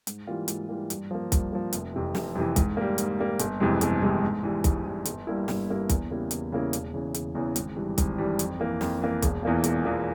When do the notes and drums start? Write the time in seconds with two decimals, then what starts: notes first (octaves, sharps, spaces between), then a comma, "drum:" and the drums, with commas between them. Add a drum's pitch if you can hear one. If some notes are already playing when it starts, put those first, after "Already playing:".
0.07 G#2, drum: hi-hat
0.27 E3 G3 A#3 F4
0.48 G#2, drum: hi-hat
0.69 E3 G3 A#3 F4
0.90 G2, drum: hi-hat
1.11 F3 A#3
1.32 G2, drum: kick, hi-hat
1.52 F3 A#3
1.73 F1, drum: hi-hat
1.94 F2 C3 E3
2.15 F1, drum: snare
2.35 F2 C3 E3
2.56 G#2, drum: kick, hi-hat
2.77 G3 A#3
2.98 G#2, drum: hi-hat
3.19 G3 A#3
3.39 G1, drum: hi-hat
3.60 F2 C3 E3 G#3
3.81 G1, drum: hi-hat
4.02 F2 C3 E3 G#3
4.23 G#2
4.43 E3 G3
4.64 G#2, drum: kick, hi-hat
4.85 E3 G3
5.05 G1, drum: hi-hat
5.27 G2 G3 A#3 E4
5.48 G1, drum: snare
5.69 G2 G3 A#3 E4
5.89 E2, drum: kick, hi-hat
6.10 C#3 G3 A#3 E4
6.31 E2, drum: hi-hat
6.52 C#3 G3 A#3 E4
6.73 E1, drum: hi-hat
6.93 E2 C#3 E3
7.14 E1, drum: hi-hat
7.35 E2 C#3 E3
7.56 G#1, drum: hi-hat
7.76 G2 E3 G3
7.98 G#1, drum: kick, hi-hat
8.18 G2 E3 G3
8.39 F2, drum: hi-hat
8.60 E3 A#3
8.81 F2, drum: snare
9.02 E3 A#3
9.22 E1, drum: kick, hi-hat
9.43 E2 E3 A#3 F4
9.64 E1, drum: hi-hat
9.85 E2 E3 A#3 F4